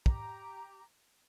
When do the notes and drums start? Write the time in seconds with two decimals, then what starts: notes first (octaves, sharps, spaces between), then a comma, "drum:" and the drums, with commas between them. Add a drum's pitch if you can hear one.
0.06 G4 A#5, drum: kick